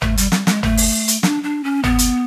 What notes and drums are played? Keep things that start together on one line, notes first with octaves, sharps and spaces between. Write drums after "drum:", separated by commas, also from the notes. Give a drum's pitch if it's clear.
A3, drum: tom
G3, drum: hi-hat
G3, drum: snare
G#3, drum: snare
A3, drum: tom
drum: open hi-hat
drum: hi-hat
D4, drum: snare
D4
C#4
B3, drum: tom
drum: hi-hat